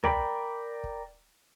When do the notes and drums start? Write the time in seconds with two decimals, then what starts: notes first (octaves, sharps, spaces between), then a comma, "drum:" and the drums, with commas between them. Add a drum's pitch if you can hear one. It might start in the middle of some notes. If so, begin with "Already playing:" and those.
0.04 A#4 D5 G5 B5, drum: tom B1
0.84 drum: kick